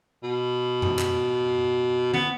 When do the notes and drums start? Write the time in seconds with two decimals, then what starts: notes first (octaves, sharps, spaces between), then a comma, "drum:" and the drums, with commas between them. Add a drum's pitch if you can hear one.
0.23 B2
0.82 drum: tom F#2
0.99 drum: clap
2.14 B3, drum: tom